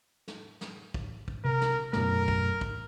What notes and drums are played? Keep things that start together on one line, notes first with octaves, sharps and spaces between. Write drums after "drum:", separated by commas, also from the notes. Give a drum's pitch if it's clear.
drum: snare
drum: snare
drum: kick
drum: kick
C3 A#4
drum: snare
F#2 B2 A3 A#4, drum: snare
drum: kick
drum: kick